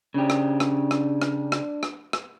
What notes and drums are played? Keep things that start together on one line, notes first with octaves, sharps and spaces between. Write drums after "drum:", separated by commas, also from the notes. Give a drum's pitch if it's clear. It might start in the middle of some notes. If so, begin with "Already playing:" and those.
C#3 D4 G4
drum: rim click
drum: rim click
drum: rim click
drum: rim click
drum: rim click
drum: rim click
drum: rim click